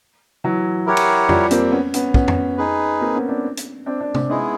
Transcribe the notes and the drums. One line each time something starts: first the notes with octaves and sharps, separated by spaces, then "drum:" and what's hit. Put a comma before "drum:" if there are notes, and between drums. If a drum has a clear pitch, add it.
E3 F#3
E4 G4 A#4 C#5 F#5
drum: cymbal
F3 G3, drum: tom F2
A#3 C4, drum: hi-hat
B3 C#4
B3 C#4, drum: hi-hat
B3 C#4, drum: kick
drum: tom F2
D#4 G#4 B4
A#3 C4
B3 C#4
C4 D4
drum: hi-hat
C4 D4
C4 D4
C4 D4, drum: tom
G#3 B3 C#4 D#4 E4 G#4